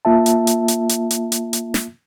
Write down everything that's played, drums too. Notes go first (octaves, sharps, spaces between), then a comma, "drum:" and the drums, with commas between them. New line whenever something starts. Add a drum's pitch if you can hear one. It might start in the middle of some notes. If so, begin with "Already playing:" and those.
A#3 F4 E5 A5
drum: hi-hat
drum: hi-hat
drum: hi-hat
drum: hi-hat
drum: hi-hat
drum: hi-hat
drum: hi-hat
drum: snare